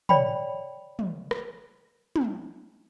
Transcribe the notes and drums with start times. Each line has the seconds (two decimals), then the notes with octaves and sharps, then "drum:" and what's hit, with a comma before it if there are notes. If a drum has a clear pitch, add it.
0.09 C#5 D5 G5 B5, drum: tom
0.99 drum: tom
1.31 drum: rim click
2.16 drum: tom